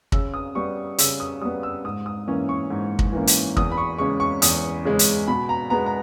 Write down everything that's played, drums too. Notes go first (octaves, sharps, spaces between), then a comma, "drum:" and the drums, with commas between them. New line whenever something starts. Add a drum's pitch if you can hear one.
C#3 E6, drum: kick
D#6
G3 B3 C#6
C#3 E6, drum: hi-hat
D#6
G3 B3 D#6
E6
G#2 D#6
D#6
E3 A#3 C#4
C#6
G#2
drum: kick
E3 A#3 C#4
drum: hi-hat
E2 D#6, drum: kick
B5
C#6
C#3 G#3 C#4 C#6
C#6
E2 D#6, drum: hi-hat
C#3 G#3 C#4
drum: hi-hat
B2 B5
A#5
G#3 B3 A#5
A#5